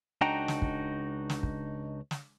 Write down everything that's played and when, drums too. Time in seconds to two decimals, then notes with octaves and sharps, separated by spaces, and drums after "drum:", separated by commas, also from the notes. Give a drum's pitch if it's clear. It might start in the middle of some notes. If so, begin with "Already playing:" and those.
0.21 C#2 D4 D#4 F#4 G5 A#5
0.48 drum: snare
0.62 drum: kick
1.30 drum: snare
1.43 drum: kick
2.11 drum: snare